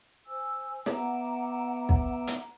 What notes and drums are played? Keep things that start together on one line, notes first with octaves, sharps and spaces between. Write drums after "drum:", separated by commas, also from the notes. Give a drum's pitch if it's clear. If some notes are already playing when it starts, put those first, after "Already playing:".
C5 G#5 E6
B3 E5 F#5 A#5 D6, drum: snare
drum: kick
drum: hi-hat